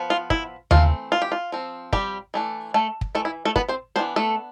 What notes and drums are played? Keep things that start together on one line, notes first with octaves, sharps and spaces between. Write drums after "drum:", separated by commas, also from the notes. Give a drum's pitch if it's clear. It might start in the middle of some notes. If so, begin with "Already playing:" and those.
Already playing: F3 B3
F4
E4, drum: kick
E3 A3 C4 F4, drum: tom D#2
F4
G4
F4
F3 C4
G3 G4, drum: kick
E3 A3 D4
A3 A4
drum: kick
E3 A3 A4
E4
A3 A4
B3 B4, drum: kick
C4 C5
E3 B3 C4 D4 C5
A3 A4